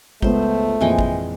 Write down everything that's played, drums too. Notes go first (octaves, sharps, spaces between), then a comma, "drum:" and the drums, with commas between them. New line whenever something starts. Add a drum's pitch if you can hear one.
C#2 A3 B3 C5, drum: kick G#1
F2 A#2 E3 G#3 G5
drum: kick G#1